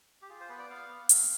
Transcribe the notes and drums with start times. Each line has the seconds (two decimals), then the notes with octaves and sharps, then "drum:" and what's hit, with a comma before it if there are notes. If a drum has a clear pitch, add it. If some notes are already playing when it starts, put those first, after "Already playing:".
0.22 G4
0.30 F4 G#4
0.40 C5
0.49 B3 B4
0.59 D5
0.70 B3 F5
0.88 B3
1.09 C4, drum: hi-hat